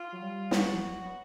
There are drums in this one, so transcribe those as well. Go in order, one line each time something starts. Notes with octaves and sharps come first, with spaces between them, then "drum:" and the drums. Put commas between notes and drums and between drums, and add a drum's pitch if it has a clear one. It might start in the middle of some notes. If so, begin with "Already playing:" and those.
Already playing: F4
F#3
G3
F#4, drum: snare
F3
F#3
B3